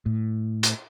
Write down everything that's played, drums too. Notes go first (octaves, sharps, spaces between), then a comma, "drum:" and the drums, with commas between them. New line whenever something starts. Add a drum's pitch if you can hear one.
A2
drum: hi-hat